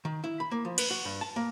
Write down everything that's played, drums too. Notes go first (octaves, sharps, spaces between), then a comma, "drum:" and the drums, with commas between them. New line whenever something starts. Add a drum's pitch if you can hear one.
D#3
E4
B5
A#3
F3
B4, drum: cymbal
F#4
G2
A5
A#3